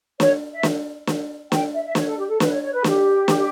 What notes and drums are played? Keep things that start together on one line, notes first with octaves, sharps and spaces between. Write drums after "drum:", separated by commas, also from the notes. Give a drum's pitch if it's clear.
C#5, drum: snare
E5
drum: snare
drum: snare
G5, drum: snare
E5
E5
C#5, drum: snare
A4
G4
A4
B4, drum: snare
C#5
C#5
B4
G4, drum: snare
drum: snare